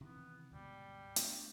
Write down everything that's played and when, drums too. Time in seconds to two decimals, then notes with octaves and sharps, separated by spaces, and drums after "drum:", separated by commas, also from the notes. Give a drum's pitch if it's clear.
0.01 C3 D#3 E3 B3
0.52 D2 G#2 B2 G3
1.16 A3 B3 D4, drum: hi-hat